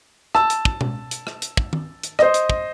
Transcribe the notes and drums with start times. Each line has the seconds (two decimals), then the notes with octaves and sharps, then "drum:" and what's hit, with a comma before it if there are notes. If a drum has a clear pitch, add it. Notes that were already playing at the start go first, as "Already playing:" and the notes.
0.35 A5 E6, drum: rim click
0.50 drum: hi-hat
0.65 drum: kick
0.81 drum: tom B2
1.11 drum: hi-hat
1.27 drum: rim click
1.42 drum: hi-hat
1.57 drum: kick
1.73 drum: tom D#3
2.03 drum: hi-hat
2.19 C5 D#5, drum: rim click
2.34 drum: hi-hat
2.50 drum: kick